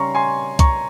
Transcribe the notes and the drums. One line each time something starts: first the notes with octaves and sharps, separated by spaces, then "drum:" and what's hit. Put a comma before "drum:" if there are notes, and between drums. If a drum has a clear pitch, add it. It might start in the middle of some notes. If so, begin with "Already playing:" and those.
Already playing: C#3 G3 C#4 A#5 C6 C#6
G#5 C6
A#5 C#6, drum: kick C2, hi-hat